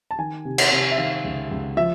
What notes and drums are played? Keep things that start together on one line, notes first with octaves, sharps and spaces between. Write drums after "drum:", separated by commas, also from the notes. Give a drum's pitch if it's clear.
A5
D#3 G#5
C3
F#5, drum: cymbal
C3
E5
D#3 F5
C#2
C#2
F3 E5